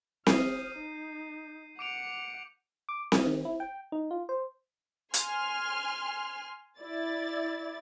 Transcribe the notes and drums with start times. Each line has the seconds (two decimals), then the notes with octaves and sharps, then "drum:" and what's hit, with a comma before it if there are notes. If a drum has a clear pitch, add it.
0.27 D#6 F6 G6 C7 D#7, drum: snare C4
0.76 D#4
1.79 F#5 D6 C#7 D7 F7
2.89 D6
3.12 D#6, drum: snare C4
3.26 D#3
3.45 E4
3.60 G5
3.92 D#4
4.11 F4
4.29 C5
5.14 G#5 C6 F6, drum: hi-hat
6.79 E4 D5 A6